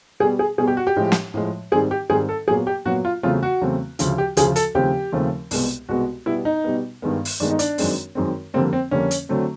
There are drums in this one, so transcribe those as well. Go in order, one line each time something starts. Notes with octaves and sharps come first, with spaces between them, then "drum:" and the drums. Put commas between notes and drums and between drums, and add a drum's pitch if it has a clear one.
B2 G3 B3 G#4
G#4
B2 G3 B3 G#4
G4
F#4
G4
A2 F3 G#3
drum: snare
A2 F3 G#3
G#2 D#3 G3 C4 G#4
G4
G#2 D#3 G3 C4 G#4
A4
A#2 F#3 B3 G#4
G4
A#2 F#3 B3 F#4
F4
E2 C#3 F#3 A3 C4 F4
F#4
E2 C#3 F#3 A3 C4
D2 C#3 F3, drum: hi-hat
G4
D2 C#3 F3 G#4, drum: hi-hat
A4, drum: hi-hat
D#2 C#3 F3 A3 C4 G4
D#2 C#3 F3 A3 C4
C2 B2 G#3 B3, drum: open hi-hat
C2 B2 G#3 B3 F#4
B2 G3 B3 E4
D#4
B2 G3 B3
G2 D#3 G#3 B3
drum: open hi-hat
G2 D#3 G#3 B3 D4
D#4
D4, drum: hi-hat
F#2 D#3 G#3 C4, drum: open hi-hat
F#2 D#3 G#3 C4
F2 D3 G3 A#3 C4
C4
F2 D3 G3 A#3 C#4
drum: hi-hat
D3 F#3 A3 C4